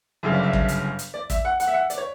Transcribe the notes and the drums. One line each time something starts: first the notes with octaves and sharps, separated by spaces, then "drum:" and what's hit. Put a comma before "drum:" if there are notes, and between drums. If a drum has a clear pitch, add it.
G1 F#2 C#3 E5
D5
E5
drum: kick
drum: hi-hat
drum: hi-hat
D5
E5, drum: kick, hi-hat
F#5
F#5, drum: hi-hat
E5
F#5
D5, drum: hi-hat
C#5